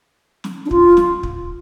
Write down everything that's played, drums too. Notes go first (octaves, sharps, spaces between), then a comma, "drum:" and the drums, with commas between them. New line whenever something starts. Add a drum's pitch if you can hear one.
drum: snare
D4
F4, drum: kick
drum: snare
drum: kick